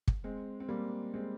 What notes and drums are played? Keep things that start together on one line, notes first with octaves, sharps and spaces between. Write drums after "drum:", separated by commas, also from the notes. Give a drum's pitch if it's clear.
drum: kick
G#3 C4
C4
G3 A#3
G#3 C4